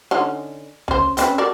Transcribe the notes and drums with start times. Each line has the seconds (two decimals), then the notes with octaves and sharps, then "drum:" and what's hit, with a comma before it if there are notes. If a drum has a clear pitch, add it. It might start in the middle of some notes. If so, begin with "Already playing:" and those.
0.11 D3 C#4 D#4
0.88 C#4 C5, drum: tom D2
1.17 C4 C#4 B4, drum: hi-hat
1.38 F#4 A#4 D5